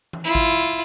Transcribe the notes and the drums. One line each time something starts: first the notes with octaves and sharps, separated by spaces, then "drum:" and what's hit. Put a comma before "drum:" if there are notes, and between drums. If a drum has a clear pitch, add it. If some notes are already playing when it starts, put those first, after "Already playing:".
drum: tom E3
E4 F4
drum: kick G#1